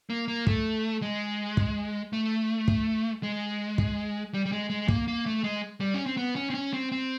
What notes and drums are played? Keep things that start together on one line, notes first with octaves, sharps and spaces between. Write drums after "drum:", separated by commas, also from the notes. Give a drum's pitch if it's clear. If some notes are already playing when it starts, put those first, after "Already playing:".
A#3
A#3
A3, drum: kick
G#3
drum: kick
A3
drum: kick
G#3
drum: kick
G3
G3
G#3
G#3
A#3, drum: kick
A#3
A3
G#3
G3
C#4
C4
B3
C#4
C4
C#4
C4
C4